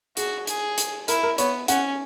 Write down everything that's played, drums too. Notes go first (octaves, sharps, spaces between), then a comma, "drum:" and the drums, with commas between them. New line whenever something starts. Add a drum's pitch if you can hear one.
F#4 G#4, drum: hi-hat
G#4, drum: hi-hat
drum: hi-hat
E4 A#4, drum: hi-hat
A#4
B3 C#5, drum: hi-hat
C#4 F#5, drum: hi-hat